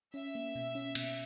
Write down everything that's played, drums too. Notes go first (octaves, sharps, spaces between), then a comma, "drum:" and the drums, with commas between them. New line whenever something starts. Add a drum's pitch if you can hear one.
C#4 E5
A#3
B2
C#4
B2, drum: cymbal